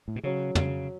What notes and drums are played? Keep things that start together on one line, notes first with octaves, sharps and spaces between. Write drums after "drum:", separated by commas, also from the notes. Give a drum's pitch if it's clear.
A2
B2
C#3 F#3 C#4 F#4
C#3, drum: tom